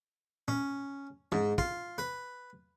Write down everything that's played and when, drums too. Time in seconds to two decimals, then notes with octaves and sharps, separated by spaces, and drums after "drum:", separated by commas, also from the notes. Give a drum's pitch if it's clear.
0.48 C#4, drum: tom A#2
1.32 G#2, drum: tom
1.58 F4, drum: kick
1.98 B4